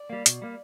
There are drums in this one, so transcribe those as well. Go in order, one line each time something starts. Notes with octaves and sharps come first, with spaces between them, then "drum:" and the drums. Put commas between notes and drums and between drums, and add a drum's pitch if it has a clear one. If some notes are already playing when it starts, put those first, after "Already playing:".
Already playing: D5
G3 A#3
B2, drum: hi-hat
G3 A#3